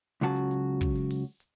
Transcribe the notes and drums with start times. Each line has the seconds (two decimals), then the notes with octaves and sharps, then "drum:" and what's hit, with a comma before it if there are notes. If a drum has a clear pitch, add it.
0.21 C#2 C#3 F#3 F#4 A5, drum: hi-hat
0.36 drum: hi-hat
0.51 drum: hi-hat
0.81 drum: kick, hi-hat
0.96 drum: hi-hat
1.11 drum: open hi-hat
1.40 drum: hi-hat